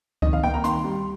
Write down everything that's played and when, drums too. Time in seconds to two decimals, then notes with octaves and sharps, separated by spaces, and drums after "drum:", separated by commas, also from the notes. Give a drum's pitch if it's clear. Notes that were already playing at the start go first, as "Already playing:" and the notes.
0.22 D#3 D#5, drum: kick C#2
0.33 F5
0.43 A#3 G5
0.54 A#5
0.64 D#3 C6, drum: hi-hat
0.84 G3